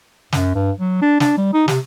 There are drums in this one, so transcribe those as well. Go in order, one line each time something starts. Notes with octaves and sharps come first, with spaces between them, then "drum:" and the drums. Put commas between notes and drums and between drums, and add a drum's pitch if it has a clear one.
F#2, drum: snare
G2
F#3
D4
D4, drum: snare
G3
D#4
C3, drum: snare